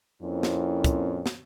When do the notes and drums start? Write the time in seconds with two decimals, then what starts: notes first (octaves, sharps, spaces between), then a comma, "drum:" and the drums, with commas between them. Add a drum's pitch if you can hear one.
0.23 F2 A#3 C4 C#4 E4
0.43 drum: snare
0.84 drum: kick, hi-hat
1.26 drum: snare